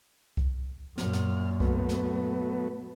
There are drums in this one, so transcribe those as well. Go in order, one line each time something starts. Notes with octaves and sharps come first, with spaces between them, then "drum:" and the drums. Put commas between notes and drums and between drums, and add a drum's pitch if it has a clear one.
drum: kick C2
F#2 A#2 F6, drum: snare
drum: snare
F#3 A3 B3, drum: kick C2
drum: snare